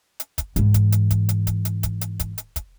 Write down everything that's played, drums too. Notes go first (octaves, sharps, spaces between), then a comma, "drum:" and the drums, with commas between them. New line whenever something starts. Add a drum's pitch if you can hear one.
drum: hi-hat
drum: kick, hi-hat
G#2 E3, drum: hi-hat
drum: kick, hi-hat
drum: hi-hat
drum: kick, hi-hat
drum: hi-hat
drum: kick, hi-hat
drum: hi-hat
drum: kick, hi-hat
drum: hi-hat
drum: kick, hi-hat
drum: hi-hat
drum: kick, hi-hat